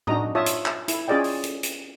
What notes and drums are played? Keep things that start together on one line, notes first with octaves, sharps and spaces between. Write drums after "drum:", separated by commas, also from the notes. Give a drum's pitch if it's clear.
D4 D#4 F#4 D#5 A#5 D#6, drum: tom A2
F4 C#5 E5 A5 D#6
drum: hi-hat
drum: clap
E4, drum: hi-hat
C#4 F4 G#4 D5 D#5 G5
drum: open hi-hat
drum: hi-hat
drum: hi-hat